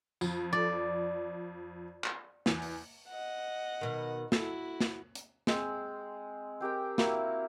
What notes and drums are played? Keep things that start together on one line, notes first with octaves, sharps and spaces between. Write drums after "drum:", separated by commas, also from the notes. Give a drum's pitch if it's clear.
F2, drum: tambourine
D5
drum: clap
E2, drum: snare
drum: open hi-hat
D#5 F#5
B2 D#3
E4 F#4 A4, drum: snare
drum: snare
drum: hi-hat
G#3 C4, drum: snare
C4 G4 A#4 G5
A#3 E4 F#4 A#4, drum: snare